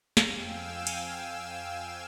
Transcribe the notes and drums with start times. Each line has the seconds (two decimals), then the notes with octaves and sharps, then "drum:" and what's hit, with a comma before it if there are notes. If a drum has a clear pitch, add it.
0.17 F2 F5 G5 G#5 E6 E7, drum: snare
0.87 drum: cymbal